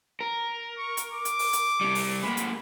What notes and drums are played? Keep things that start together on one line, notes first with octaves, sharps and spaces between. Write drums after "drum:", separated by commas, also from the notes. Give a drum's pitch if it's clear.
A#4
C#6
drum: hi-hat
D6
drum: hi-hat
drum: open hi-hat
drum: hi-hat
C3 G3
drum: open hi-hat
G#3 A#3 B5
drum: hi-hat